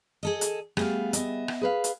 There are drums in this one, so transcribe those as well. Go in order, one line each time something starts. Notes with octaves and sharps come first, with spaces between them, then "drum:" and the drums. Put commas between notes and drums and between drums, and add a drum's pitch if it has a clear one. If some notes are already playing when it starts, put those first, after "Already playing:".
G#4 A4 D#5
drum: hi-hat
G3 A3 B3 G#4 F5, drum: rim click
B3 D#5 E5, drum: hi-hat
drum: rim click
G#4 B4 F5
drum: hi-hat